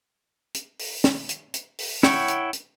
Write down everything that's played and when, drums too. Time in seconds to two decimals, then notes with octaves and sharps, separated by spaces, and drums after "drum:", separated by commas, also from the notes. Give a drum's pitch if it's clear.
0.54 drum: hi-hat
0.79 drum: open hi-hat
1.04 drum: snare
1.29 drum: hi-hat
1.54 drum: hi-hat
1.79 drum: open hi-hat
2.03 E4 C#5 F#5 G5 C#6, drum: snare
2.28 drum: hi-hat
2.53 drum: hi-hat